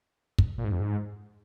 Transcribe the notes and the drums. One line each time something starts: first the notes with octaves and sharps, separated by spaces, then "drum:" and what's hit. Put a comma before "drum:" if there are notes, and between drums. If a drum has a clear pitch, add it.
drum: kick
A#2
G#2
F2
G#2